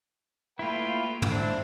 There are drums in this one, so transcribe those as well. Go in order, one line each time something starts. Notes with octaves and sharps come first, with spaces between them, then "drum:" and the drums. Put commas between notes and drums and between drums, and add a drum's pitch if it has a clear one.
A3 A#3 E4 F4 B4 G5
drum: tom
G#2 C4 D4 E4